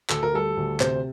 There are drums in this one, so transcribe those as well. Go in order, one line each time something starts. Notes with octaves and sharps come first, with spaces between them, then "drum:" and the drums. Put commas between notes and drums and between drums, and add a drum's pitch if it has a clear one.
D2 A4, drum: clap
A#4
G3 A4
D2
C3 C5, drum: clap